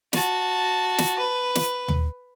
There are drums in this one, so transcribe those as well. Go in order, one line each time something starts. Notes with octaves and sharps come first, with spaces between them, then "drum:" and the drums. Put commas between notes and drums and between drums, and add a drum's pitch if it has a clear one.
F#4 A5, drum: snare
drum: snare
B4
drum: snare
drum: tom D#2